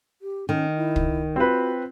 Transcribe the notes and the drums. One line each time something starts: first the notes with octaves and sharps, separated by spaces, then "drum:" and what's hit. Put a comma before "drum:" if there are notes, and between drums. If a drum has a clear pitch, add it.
G4
D#3 C#4
E4
drum: kick
C4 F4 F#4 B4